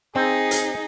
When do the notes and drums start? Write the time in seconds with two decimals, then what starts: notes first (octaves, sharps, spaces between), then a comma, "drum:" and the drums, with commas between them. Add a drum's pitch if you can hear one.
0.16 C4 D#4 G#4
0.51 drum: hi-hat